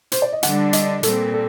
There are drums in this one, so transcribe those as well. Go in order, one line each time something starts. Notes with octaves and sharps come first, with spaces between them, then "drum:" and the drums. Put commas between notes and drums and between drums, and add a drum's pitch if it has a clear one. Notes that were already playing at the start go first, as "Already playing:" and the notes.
C5, drum: hi-hat
D5
D#5
D3 G3 D4 F#5, drum: hi-hat
D#5, drum: hi-hat
A#2 G3 C4 A4, drum: hi-hat
A4